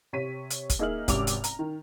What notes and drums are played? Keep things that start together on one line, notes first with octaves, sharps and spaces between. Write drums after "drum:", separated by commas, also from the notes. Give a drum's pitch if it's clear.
C3 C#5 B6 D#7
drum: hi-hat
drum: kick, hi-hat
A#3 D#4 G#4 E5 F6 F#7
G#1 C3 C#4 D6 F7, drum: kick, hi-hat
drum: hi-hat
A#5, drum: hi-hat
D#3